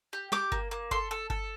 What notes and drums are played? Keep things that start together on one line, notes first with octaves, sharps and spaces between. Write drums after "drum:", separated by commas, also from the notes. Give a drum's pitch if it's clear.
G4
G4 D6, drum: snare
A#3, drum: kick G1
A#3
A4 C6, drum: kick G1
A4
A4, drum: kick G1